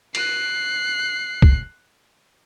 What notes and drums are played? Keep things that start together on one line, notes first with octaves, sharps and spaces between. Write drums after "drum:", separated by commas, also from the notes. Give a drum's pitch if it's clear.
F#6 C7, drum: cymbal
drum: kick